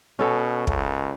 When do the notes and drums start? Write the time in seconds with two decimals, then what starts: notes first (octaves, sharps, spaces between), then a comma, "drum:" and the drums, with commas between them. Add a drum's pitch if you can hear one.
0.19 B2 C#4 A4
0.67 C#2, drum: kick